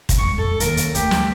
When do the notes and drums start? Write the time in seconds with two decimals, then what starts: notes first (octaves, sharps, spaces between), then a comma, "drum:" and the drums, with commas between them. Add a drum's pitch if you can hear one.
0.09 drum: kick, hi-hat
0.19 F2 G#3 C#6
0.38 F2 A4
0.60 D#2 D#3 A#4, drum: hi-hat
0.77 drum: hi-hat
0.95 D2 G4, drum: hi-hat
1.11 drum: snare